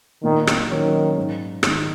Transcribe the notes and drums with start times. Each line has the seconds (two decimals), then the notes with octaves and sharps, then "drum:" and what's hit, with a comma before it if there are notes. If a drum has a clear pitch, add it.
0.24 A#2 D#3
0.47 drum: rim click
0.70 D#3 F#3 C#4
1.17 G#2
1.63 D#3 G#3, drum: rim click